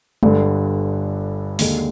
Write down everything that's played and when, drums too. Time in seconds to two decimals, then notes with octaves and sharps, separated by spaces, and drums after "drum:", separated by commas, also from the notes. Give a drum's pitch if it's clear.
0.23 G1 G2 D3, drum: tom G#3
1.59 D#2 D3 G#3, drum: open hi-hat